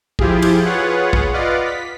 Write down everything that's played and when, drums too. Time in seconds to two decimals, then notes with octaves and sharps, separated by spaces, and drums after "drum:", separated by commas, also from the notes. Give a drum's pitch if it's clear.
0.19 F3 E4 F4 G4 G#4, drum: kick
0.42 drum: cymbal
0.65 F4 G#4 B4 C#5 F#5
1.13 drum: kick
1.33 F4 B4 D5 D#5 F5 F#5
1.65 B6